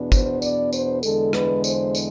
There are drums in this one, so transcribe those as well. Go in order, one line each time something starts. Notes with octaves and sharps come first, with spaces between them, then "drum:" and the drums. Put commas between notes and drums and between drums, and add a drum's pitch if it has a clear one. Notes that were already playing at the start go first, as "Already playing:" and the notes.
Already playing: E2 B2 B3 D4
C5, drum: kick, tambourine
D5, drum: tambourine
C5, drum: tambourine
E2 D3 G#3 A4, drum: tambourine
B4, drum: rim click
C5, drum: tambourine
drum: tambourine